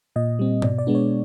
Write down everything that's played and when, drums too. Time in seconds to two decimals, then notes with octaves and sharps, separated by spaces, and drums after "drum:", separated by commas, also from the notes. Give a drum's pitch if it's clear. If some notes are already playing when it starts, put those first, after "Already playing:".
0.16 A#2 D#5
0.39 G3 C4
0.62 B2 D5, drum: tom G#2
0.78 D5
0.87 G#3 B3 D4
0.95 C#5